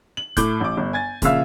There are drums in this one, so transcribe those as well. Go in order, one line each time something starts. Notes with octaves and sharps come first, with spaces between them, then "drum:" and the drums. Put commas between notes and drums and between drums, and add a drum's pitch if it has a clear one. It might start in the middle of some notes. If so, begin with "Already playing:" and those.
F#7
A2 D6 G6, drum: kick, hi-hat
A1 D6
G1
G#5 G#6 A6
A#2 C#3 F3 E5 F5 E6, drum: kick, hi-hat